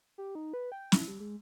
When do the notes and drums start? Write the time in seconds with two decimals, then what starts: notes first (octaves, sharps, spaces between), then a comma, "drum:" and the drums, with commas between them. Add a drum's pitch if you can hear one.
0.18 G4
0.35 D#4
0.54 B4
0.72 G5
0.92 E4, drum: snare
1.08 G3
1.20 G#3